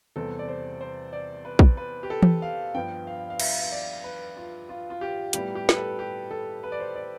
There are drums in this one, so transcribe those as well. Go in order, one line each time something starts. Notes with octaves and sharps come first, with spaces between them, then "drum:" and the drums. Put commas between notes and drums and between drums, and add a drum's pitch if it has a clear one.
E2 C3 G3 C4 A4
D5
C5
C5
D5
B4
drum: kick
B4
G4
A4
drum: tom E3
F5
G2 F3 B3 G5
F5
F5
E5, drum: cymbal
E5
D5
B4
F4
F4
F4
G4
A2 G3 B3 G4, drum: hi-hat
G4
B4, drum: snare
A4
G4
A4
B4
D5
C5
D5